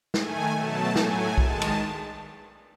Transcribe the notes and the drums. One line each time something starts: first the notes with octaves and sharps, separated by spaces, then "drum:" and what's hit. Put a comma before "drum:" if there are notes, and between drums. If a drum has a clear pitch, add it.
D#3 A3 G#5, drum: snare
B2 F#3 A3 A5
A2 F#3 A3 G#5, drum: snare
D#3 G#3 A5, drum: kick B1
drum: cymbal